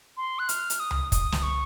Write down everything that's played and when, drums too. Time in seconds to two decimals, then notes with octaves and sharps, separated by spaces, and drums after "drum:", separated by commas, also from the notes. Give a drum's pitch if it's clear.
0.17 C6
0.39 F#6
0.49 F6, drum: hi-hat
0.70 drum: hi-hat
0.80 D#6
0.91 drum: tom C#2
1.12 D#6, drum: kick, hi-hat
1.32 drum: snare
1.43 C#6